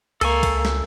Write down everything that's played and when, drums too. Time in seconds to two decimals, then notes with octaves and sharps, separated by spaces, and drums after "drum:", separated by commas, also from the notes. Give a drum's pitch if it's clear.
0.21 C#2 A#3 A4 G#5 C#6, drum: cymbal
0.43 drum: kick B1, cymbal
0.65 drum: snare